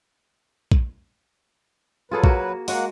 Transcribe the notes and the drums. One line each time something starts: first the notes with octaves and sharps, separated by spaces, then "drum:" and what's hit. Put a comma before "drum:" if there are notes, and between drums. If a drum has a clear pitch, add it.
drum: kick A#1
F#3 F4 G#4 A4 B4
A#3 F#4, drum: kick A#1
G#3 A#3 F#4 F#5, drum: open hi-hat